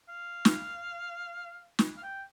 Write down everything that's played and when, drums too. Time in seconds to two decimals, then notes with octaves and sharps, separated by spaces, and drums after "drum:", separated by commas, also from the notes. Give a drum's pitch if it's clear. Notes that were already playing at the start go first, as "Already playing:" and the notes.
0.09 F5
0.45 drum: snare
1.79 drum: snare
1.97 F5
2.03 G5